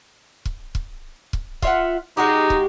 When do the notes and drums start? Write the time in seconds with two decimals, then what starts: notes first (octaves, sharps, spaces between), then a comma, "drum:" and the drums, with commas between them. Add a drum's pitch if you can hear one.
0.45 drum: kick
0.75 drum: kick
1.33 drum: kick
1.62 F4 E5 F#5, drum: kick
2.17 G#3 D#4 F#4 G4
2.50 drum: kick